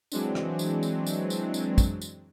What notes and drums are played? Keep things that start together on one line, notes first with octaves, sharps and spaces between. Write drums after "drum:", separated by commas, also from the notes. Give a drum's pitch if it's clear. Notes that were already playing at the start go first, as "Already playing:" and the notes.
E3 F#3 G#3 C4 D4, drum: tambourine
drum: rim click
drum: tambourine
drum: tambourine
drum: tambourine
drum: tambourine
drum: tambourine
drum: kick, tambourine
drum: tambourine